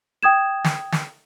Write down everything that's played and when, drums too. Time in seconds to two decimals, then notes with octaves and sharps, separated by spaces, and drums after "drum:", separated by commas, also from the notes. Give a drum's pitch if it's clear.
0.23 G5 D#6 G#6 E7
0.64 drum: snare
0.92 drum: snare